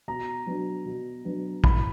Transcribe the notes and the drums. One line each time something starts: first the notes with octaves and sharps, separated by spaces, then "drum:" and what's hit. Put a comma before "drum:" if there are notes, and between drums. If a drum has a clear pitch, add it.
B2 A#5
F#3 B3 D4
B2
F#3 B3 D4
E3 B5, drum: kick